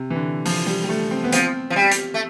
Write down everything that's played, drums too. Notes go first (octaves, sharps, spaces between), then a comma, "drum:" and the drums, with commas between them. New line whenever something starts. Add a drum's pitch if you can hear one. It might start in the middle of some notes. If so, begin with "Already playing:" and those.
Already playing: C3
E3
D3
F3, drum: open hi-hat
G3
G3
A3
C4
B3
F3 C4, drum: hi-hat
F3
G3
drum: hi-hat
A3